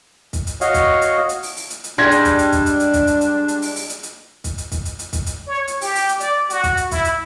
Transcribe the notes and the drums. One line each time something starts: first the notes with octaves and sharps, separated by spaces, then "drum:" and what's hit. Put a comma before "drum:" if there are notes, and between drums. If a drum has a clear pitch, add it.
drum: kick, hi-hat
drum: hi-hat
F#4 C#5 D#5 F5, drum: hi-hat
drum: kick, hi-hat
drum: hi-hat
drum: hi-hat
drum: open hi-hat
drum: open hi-hat
drum: hi-hat
drum: hi-hat
G3 G#3 D4 C6 G#6 A#6
drum: hi-hat
drum: kick, hi-hat
drum: hi-hat
drum: kick, hi-hat
drum: hi-hat
drum: hi-hat
drum: kick, hi-hat
drum: hi-hat
drum: hi-hat
drum: hi-hat
drum: open hi-hat
drum: open hi-hat
drum: hi-hat
drum: hi-hat
drum: kick, hi-hat
drum: hi-hat
drum: kick, hi-hat
drum: hi-hat
drum: hi-hat
drum: kick, hi-hat
drum: hi-hat
C#5
drum: hi-hat
G4, drum: open hi-hat
drum: open hi-hat
drum: hi-hat
D5, drum: hi-hat
F#4, drum: hi-hat
drum: kick, hi-hat
drum: hi-hat
E4, drum: kick, hi-hat
drum: hi-hat